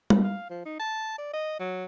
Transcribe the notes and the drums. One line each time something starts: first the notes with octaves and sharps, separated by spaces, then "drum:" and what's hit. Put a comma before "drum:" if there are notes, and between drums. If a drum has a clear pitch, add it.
drum: tom G3
F5
F3
D#4
A5
D5
D#5
F#3